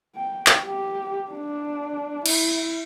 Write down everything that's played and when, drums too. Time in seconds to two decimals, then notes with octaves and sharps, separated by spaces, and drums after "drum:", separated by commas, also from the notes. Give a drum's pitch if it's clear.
0.16 G5
0.46 drum: clap
0.66 G4
1.31 D4
2.26 E4, drum: cymbal